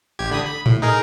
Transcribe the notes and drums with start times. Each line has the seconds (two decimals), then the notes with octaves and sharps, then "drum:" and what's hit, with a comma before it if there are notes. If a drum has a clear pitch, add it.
0.19 A1 G4 G#6
0.31 D3 B5 D#6
0.45 B5
0.66 A2, drum: tom A2
0.82 D#4 G#4 A#4